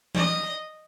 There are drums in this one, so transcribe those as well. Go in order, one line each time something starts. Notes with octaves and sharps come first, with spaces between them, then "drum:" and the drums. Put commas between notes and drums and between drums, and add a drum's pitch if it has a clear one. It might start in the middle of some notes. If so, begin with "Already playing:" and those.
D#5, drum: tom E3